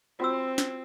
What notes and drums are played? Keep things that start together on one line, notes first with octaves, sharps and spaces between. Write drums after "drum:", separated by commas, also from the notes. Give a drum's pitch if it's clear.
C4 F4 F#4 E6
drum: snare